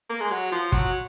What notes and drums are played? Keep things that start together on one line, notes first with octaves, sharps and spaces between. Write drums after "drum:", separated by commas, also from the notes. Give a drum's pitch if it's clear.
A#3
G#3
F#3
F3
F#3, drum: kick